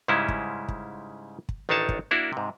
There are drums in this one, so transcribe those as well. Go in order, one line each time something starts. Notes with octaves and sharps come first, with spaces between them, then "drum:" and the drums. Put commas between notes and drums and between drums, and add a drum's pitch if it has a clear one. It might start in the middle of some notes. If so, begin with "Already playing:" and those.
G#2 C#3 G3 G#3 C#4 E4
drum: kick
drum: kick
drum: kick
A1 D#3 D4 D#4 C#5 A5
drum: kick
A#3 D4 E4 F#4 A#4
G#2 C3